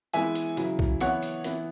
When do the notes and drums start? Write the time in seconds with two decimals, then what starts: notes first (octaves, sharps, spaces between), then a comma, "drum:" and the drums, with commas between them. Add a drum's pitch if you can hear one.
0.13 E3 G#3 B3 E4 E5 G#5, drum: hi-hat
0.35 drum: hi-hat
0.57 C#3 F#3 E4, drum: hi-hat
0.79 drum: kick B1
1.01 E3 B3 E4 C#5 F#5, drum: hi-hat
1.23 drum: hi-hat
1.44 E3 B3 E4, drum: hi-hat